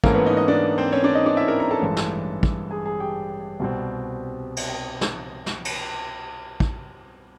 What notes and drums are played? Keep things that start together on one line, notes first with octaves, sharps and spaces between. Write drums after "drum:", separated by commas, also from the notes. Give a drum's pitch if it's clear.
G#2 E3 A3 A#3 C#4 A#4, drum: kick
B3 B4
D#4 D#5
D#4 D#5
D4 D5
C4 C5
C#4 C#5
D4 D5
D#4 D#5
D4 D5
E4 E5
A#4 A#5
A#4 A#5
A4 A5
A1 G2 E3 G#3
drum: snare
drum: kick
G#4 G#5
G#4 G#5
G4 G5
C2 B2 G3 C4
drum: cymbal
drum: snare
drum: snare
drum: cymbal
drum: kick